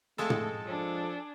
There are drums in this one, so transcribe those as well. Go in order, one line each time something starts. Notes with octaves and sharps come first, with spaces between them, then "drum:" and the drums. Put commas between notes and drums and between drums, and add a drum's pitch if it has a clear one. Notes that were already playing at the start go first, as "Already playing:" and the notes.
F2 G#3 A3 A4
drum: tom
F3 D4 G#4